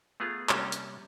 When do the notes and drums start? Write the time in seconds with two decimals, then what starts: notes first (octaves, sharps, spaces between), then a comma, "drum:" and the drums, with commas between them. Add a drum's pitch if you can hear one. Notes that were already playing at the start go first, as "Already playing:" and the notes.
0.20 A3 B3 F4 G#4 A#5
0.49 C3 G3 A#3 C#4, drum: clap
0.72 drum: hi-hat